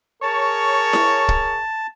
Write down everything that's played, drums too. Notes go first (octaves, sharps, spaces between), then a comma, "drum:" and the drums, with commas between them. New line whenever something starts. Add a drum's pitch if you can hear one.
G#4 A#4 C#5 A5
drum: snare E4
drum: kick